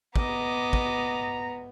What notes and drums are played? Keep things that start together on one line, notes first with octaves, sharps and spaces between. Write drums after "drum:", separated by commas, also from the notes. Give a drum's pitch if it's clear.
B3 D#5 A#5 D6, drum: kick
drum: kick